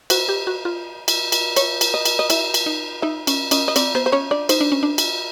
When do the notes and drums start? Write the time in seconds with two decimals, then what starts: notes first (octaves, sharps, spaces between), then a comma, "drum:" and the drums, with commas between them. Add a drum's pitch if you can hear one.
0.10 F#4 C5, drum: cymbal
0.29 G4
0.47 F#4
0.65 F4
1.08 drum: cymbal
1.32 drum: cymbal
1.56 C#5, drum: cymbal
1.81 drum: cymbal
1.94 D#5
2.05 drum: cymbal
2.19 D#5
2.30 E4 E5, drum: cymbal
2.54 drum: cymbal
2.66 D#4
3.02 D#4 E5
3.27 C#4, drum: cymbal
3.51 C#4 D#5, drum: cymbal
3.68 D#5
3.76 C4 D5, drum: cymbal
3.95 B3 C5
4.06 C5
4.12 C#4 C#5
4.31 D4 D5
4.49 D#4 C5, drum: cymbal
4.60 D4
4.72 C#4
4.83 D4
4.98 drum: cymbal